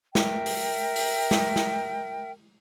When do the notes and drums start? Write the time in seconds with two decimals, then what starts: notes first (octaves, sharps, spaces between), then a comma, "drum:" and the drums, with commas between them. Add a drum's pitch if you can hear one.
0.15 A#4 E5 G5, drum: snare
0.46 drum: open hi-hat
0.96 drum: open hi-hat
1.31 drum: snare
1.56 drum: snare